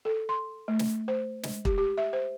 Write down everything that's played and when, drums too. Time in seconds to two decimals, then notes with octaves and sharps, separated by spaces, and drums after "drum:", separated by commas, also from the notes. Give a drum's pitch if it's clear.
0.05 A4
0.29 C6
0.68 A3
0.79 drum: snare
1.08 C5
1.43 G#3, drum: snare
1.65 G4, drum: kick
1.78 G4
1.98 E5
2.13 C5